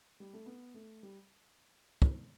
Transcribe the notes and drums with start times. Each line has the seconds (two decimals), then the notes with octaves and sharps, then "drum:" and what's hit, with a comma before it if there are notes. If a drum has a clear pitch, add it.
0.20 G3
0.33 A3
0.46 B3
0.74 A3
1.03 G3
2.02 drum: kick